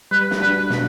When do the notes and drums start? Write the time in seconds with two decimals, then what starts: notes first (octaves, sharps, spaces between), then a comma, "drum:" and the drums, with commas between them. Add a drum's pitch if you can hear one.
0.11 G3 B4
0.31 drum: snare
0.41 D4 F#4 B4
0.70 B2, drum: snare